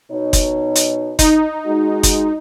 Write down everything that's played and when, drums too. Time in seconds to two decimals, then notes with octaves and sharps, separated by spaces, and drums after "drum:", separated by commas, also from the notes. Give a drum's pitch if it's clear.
0.12 B2 D#4 C#5
0.33 drum: kick, hi-hat
0.76 drum: hi-hat
1.19 D#4, drum: kick, hi-hat
1.67 G#3 F#4
2.03 drum: kick, hi-hat